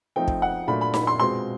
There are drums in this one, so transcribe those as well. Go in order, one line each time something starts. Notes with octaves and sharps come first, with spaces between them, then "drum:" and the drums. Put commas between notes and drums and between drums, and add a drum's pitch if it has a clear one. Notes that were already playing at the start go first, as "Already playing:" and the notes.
F3 A3 C4 D#4 G5
drum: kick
F#5
A#2 F#3 A3 D4 B5
B5
B5, drum: snare D#4
C6
B2 G#3 C4 F4 C6